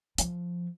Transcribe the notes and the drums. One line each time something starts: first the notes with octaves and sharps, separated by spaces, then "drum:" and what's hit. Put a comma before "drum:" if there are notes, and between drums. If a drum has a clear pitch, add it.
F3, drum: hi-hat